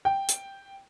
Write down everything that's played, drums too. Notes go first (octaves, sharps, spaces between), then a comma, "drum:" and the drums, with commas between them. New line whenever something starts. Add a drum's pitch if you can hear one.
G5
drum: hi-hat